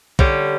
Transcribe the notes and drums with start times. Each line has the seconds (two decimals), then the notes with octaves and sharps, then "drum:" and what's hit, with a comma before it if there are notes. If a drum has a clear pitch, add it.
0.19 D3 G3 C#4, drum: kick